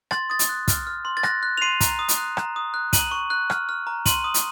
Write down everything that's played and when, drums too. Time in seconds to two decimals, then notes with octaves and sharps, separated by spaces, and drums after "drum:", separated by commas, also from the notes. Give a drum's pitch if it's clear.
0.11 C6 A6, drum: rim click
0.30 D#6 A6
0.39 drum: hi-hat
0.49 F#6
0.68 F6, drum: kick, hi-hat
0.87 F6
1.05 C6
1.17 A6
1.23 F#6 A#6, drum: rim click
1.43 F#6
1.58 F7
1.61 C6 C7 D#7
1.81 A#5, drum: kick, hi-hat
1.99 D#6
2.08 drum: hi-hat
2.18 F#6
2.37 A#5, drum: rim click
2.56 D#6
2.74 F#6
2.93 A#5 D#7 F#7, drum: kick, hi-hat
3.11 C#6
3.30 F#6
3.50 F6, drum: rim click
3.69 F6
3.87 A#5
4.06 C6 D#7 F#7, drum: kick, hi-hat
4.24 D#6
4.34 drum: hi-hat